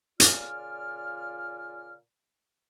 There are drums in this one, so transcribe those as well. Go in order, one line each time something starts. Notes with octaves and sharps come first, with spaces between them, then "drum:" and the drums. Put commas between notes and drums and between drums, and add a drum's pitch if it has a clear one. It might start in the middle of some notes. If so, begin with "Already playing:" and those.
A#2 C#3 F4 D5 G#5 F6, drum: hi-hat